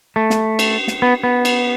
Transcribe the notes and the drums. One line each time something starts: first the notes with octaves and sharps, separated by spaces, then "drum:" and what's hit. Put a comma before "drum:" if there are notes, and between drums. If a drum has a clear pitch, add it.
A3
drum: snare
drum: cymbal
drum: snare
B3
B3
drum: cymbal